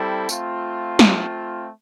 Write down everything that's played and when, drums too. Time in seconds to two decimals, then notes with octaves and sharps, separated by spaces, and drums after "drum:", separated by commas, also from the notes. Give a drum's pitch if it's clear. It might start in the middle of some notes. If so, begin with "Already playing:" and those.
Already playing: G3 C4 E4 A4
0.29 A3 C4 F4, drum: tambourine
0.99 drum: snare